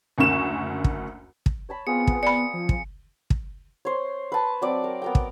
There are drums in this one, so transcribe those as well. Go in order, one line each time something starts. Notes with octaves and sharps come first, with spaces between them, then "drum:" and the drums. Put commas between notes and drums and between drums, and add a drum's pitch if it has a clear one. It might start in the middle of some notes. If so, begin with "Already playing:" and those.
F#1 D2 A#3 C#4 C#6 E7
drum: kick
drum: kick
C#5 A5 B5
B3 C4 F4 G#4 C#7
drum: kick
B3 D5 B5 C#7
F3
drum: kick
drum: kick
C5 C#5
B4 A5
F#3 C4 D5
A#4
B3 A#4 G5
drum: kick